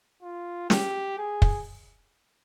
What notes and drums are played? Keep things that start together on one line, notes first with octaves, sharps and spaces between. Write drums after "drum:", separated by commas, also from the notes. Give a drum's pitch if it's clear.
F4
G4, drum: snare
G#4
drum: kick